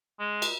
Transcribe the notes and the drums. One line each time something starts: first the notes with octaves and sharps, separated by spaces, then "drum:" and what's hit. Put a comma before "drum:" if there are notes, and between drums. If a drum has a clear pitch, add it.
G#3
drum: cymbal